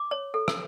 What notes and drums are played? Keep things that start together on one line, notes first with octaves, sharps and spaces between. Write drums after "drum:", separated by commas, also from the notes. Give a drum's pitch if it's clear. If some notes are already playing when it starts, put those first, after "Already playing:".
Already playing: D6
C#5
A4
drum: rim click